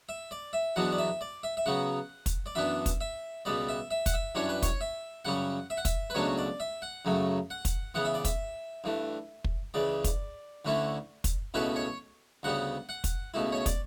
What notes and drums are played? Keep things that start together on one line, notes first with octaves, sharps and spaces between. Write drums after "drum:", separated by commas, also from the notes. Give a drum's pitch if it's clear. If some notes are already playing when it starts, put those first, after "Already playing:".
E5
D5
E5
E2 B2 F#3 B3 D4 F#5
D5
E5
D5
E5
E5
C#3 F#3 B3 F#5
drum: kick, hi-hat
D5
F#2 E3 B3 D4 E5
drum: kick, hi-hat
E5
C#2 B2 G3 B3 D5
E5
E5
F#5, drum: kick, hi-hat
E5
F#2 E3 G3 D4 C#5
B4
C#5, drum: kick, hi-hat
E5
F#2 C#3 G3 C#4 F#5
E5
F#5
E5, drum: kick, hi-hat
B4
C#2 B2 F#3 A3 D4 C#5
D5
E5
F#5
F#2 C#3 F#3 A3
F#5
drum: kick, hi-hat
C#3 E3 B3 F#5
E5
D5
E5, drum: kick, hi-hat
G2 E3 A3
drum: kick
C#2 C#3 E3 D5
drum: kick, hi-hat
D2 D3 A3 C#4 E4
drum: kick, hi-hat
C#2 B2 A3 C#4 E4 B4
C#5
D2 C#3 G3 B3 F#5
F#5
drum: kick, hi-hat
C#2 B2 A3 E4
C#5
D5, drum: kick, hi-hat